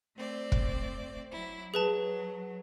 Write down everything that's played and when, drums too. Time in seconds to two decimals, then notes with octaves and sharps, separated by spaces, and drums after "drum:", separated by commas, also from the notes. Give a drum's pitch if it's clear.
0.16 A3 C4 D5
0.52 drum: kick
1.31 F#3 E4
1.74 F#3 G#4 B4 A5